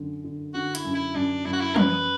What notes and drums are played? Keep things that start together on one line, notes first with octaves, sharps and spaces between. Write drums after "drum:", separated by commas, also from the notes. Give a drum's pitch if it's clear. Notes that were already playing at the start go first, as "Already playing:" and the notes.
Already playing: F#2 D3
D3
D3 F#4
E4, drum: hi-hat
F#2
E4
F#2 D4
F#2 E4
F#4
E4
F#2 B4, drum: tom